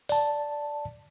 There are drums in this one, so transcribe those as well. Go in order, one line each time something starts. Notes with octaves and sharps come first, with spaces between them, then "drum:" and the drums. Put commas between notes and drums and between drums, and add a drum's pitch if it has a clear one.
D5 A5, drum: open hi-hat